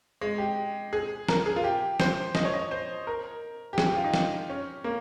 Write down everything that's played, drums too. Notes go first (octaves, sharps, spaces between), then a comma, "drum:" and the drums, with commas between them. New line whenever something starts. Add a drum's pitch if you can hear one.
G#3
G4
G#4
A#4, drum: snare
G#4
F4
G4
C5, drum: snare
D#5, drum: snare
C#5
D#5
C5
A#4
G4
G#4, drum: snare
G4
F4
D#4
drum: snare
C#4
A#3